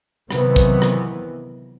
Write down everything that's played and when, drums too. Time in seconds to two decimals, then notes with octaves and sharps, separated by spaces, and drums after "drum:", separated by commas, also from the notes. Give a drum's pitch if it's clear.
0.31 C3 D#3 E3 F#3 B3, drum: rim click
0.56 drum: kick
0.82 drum: rim click